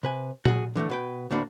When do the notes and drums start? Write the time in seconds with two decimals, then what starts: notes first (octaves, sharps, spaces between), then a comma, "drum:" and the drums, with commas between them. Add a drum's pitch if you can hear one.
0.03 C3 B4 G#5
0.45 F#4 G#4, drum: tom A#2
0.76 D3 E3 G#3 A3
0.89 B2 B4 G5
1.31 D2 A2 A#3 D4 F#4 B5